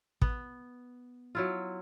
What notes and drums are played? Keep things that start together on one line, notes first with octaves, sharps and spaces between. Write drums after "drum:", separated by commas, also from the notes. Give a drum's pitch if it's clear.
B3, drum: kick
F#3 E4 F4